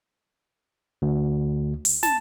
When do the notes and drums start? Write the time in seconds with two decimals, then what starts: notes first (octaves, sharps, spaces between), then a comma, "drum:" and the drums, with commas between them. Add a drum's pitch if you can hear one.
1.02 D2
1.85 drum: open hi-hat
2.03 A5, drum: snare